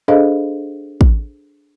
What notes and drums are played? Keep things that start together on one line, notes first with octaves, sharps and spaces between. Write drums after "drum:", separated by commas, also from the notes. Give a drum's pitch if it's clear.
D4 G#4 A4 C5 D#5 F5
drum: kick